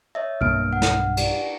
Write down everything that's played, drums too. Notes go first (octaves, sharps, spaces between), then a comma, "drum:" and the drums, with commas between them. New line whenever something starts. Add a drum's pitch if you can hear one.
C#5 D#5 E5
B1 G2 A#3 B3 F6 D7
F#5
drum: snare
G4 D5, drum: cymbal